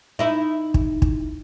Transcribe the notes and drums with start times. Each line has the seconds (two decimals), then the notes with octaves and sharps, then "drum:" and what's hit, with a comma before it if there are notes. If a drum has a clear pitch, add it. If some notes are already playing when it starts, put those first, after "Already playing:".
0.19 D#4 E4
0.74 drum: kick
1.02 drum: kick